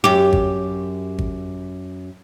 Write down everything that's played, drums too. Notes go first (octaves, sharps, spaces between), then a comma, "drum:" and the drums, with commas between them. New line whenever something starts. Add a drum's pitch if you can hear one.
F#2 G4
drum: kick G#1
drum: kick G#1